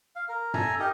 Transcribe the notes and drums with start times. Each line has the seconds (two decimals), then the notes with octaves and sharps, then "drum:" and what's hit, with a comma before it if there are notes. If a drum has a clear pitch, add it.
0.16 F5
0.29 A#4
0.54 A4 E5 G#5 A#5, drum: tom
0.79 D#4 G4 A#4 D#5